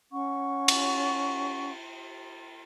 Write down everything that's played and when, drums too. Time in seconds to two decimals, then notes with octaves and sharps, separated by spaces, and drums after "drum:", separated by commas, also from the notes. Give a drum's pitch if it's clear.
0.12 C#4 F#5 C#6
0.68 drum: cymbal